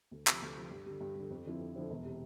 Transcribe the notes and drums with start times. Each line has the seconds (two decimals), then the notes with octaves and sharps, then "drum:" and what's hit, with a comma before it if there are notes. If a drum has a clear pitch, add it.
0.11 D2
0.27 C3 F3, drum: clap
0.42 D2
0.57 C3 F3
0.71 G2
0.86 D3 G3
1.01 G2
1.15 D3 G3
1.30 F2
1.45 D3 F3 C4 E4
1.60 F2
1.76 D3 F3 C4 E4
1.90 E1
2.05 C3